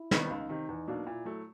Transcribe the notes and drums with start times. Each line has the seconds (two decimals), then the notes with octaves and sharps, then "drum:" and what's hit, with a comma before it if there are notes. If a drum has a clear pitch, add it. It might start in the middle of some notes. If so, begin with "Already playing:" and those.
Already playing: E4
0.11 C3 D#3 G3 B3, drum: snare
0.30 C#2 D#4
0.49 C3 D#3
0.69 E2
0.88 B2 F#3 A#3 D4
1.07 A#2 E4
1.25 F#3 A3